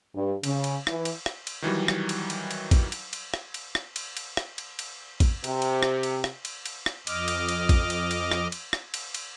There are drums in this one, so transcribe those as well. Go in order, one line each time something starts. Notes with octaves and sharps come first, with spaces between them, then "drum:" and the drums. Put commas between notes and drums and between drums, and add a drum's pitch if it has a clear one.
G2
C#3, drum: cymbal
drum: cymbal
E3, drum: rim click
drum: cymbal
drum: rim click
drum: cymbal
D#3 E3 F#3 G3
drum: rim click
drum: cymbal
drum: cymbal
drum: cymbal
drum: kick, cymbal
drum: cymbal
drum: cymbal
drum: rim click
drum: cymbal
drum: rim click
drum: cymbal
drum: cymbal
drum: rim click
drum: cymbal
drum: cymbal
drum: kick, cymbal
C3, drum: cymbal
drum: cymbal
drum: rim click
drum: cymbal
drum: rim click
drum: cymbal
drum: cymbal
drum: rim click
F2 D#5 D6 F6, drum: cymbal
drum: cymbal
drum: cymbal
drum: kick, cymbal
drum: cymbal
drum: cymbal
drum: rim click
drum: cymbal
drum: rim click
drum: cymbal
drum: cymbal